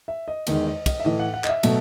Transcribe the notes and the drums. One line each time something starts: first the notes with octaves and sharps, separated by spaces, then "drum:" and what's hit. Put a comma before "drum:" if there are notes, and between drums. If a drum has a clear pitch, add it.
E5
D#5
E2 D#3 G#3 D#5, drum: cymbal
D#5
D#5, drum: kick, cymbal
E5
A2 E3 A3 D#5
F#5
F#5
D#5, drum: clap
E5
B2 F#3 A3, drum: cymbal